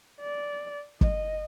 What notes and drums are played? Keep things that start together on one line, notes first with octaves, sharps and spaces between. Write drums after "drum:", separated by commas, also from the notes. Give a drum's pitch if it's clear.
D5
D#5, drum: kick